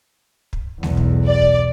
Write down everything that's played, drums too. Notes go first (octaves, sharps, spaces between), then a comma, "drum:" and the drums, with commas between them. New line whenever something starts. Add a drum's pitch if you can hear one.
drum: kick
B1 E2, drum: snare G#3
drum: kick
D5
drum: kick